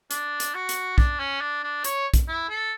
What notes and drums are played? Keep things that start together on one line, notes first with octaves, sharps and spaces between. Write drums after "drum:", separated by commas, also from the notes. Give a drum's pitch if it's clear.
D4, drum: hi-hat
drum: hi-hat
F#4
drum: hi-hat
D4, drum: kick
C#4
D4
D4
C#5, drum: hi-hat
drum: kick, hi-hat
E4
A4